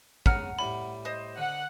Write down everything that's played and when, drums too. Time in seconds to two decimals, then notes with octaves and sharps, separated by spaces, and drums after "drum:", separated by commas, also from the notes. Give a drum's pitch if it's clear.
0.26 C#3 F#5 A#5 F6, drum: kick
0.59 A2 G3 B5
1.05 C5 D#5
1.37 D3 F#5